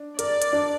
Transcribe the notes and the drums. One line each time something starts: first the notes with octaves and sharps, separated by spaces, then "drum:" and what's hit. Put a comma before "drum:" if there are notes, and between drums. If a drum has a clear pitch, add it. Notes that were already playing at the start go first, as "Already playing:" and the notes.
Already playing: D4
A#4 D5, drum: hi-hat
drum: hi-hat
D4